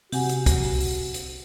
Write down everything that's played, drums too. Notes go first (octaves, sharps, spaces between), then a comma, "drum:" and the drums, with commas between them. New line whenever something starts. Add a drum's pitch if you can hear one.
C3 F#4 G4 F#5 G#5, drum: open hi-hat
drum: hi-hat
drum: kick, hi-hat
drum: open hi-hat
drum: open hi-hat
drum: hi-hat